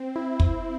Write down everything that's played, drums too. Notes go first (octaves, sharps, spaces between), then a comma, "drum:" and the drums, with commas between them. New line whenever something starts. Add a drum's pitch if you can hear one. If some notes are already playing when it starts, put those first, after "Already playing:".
Already playing: C4
E4
drum: kick